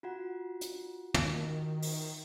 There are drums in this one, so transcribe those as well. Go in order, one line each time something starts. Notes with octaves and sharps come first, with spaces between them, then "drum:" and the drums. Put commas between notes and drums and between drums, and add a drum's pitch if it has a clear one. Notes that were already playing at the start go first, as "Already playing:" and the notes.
F4 F#4 F#5
drum: hi-hat
D#3, drum: tom
drum: open hi-hat